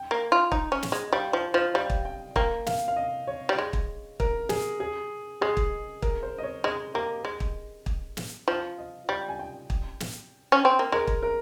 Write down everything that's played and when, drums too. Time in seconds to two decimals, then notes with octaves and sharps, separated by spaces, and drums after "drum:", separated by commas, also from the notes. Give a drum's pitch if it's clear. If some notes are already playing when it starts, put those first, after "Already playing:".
Already playing: G5
0.11 A#3
0.32 F4
0.52 D#4, drum: kick
0.72 C#4
0.83 drum: snare
0.92 G#3
1.08 D#5
1.13 G3 F5
1.33 F3 C#5
1.54 F3 D#5
1.74 G3 F5
1.90 drum: kick
2.05 G5
2.36 A#3 G5, drum: kick
2.66 F5, drum: snare
2.88 F5
2.96 D#5
3.27 C#5
3.49 G3
3.58 G#3
3.73 drum: kick
4.20 A#4, drum: kick
4.49 G#4, drum: snare
4.80 G#4
5.41 G#3 G#4
5.57 drum: kick
6.02 A#4, drum: kick
6.23 C5
6.38 D#5
6.43 C#5
6.64 G#3 D#5
6.94 A#3 G4
7.25 G#3
7.40 drum: kick
7.86 drum: kick
8.17 drum: snare
8.48 F3 F4
8.78 D#5
9.09 G3 G5
9.29 G#5
9.39 G5
9.70 drum: kick
10.00 drum: snare
10.52 C#4
10.65 C4
10.79 A#3
10.92 G#3 A#4
11.07 drum: kick
11.23 A#4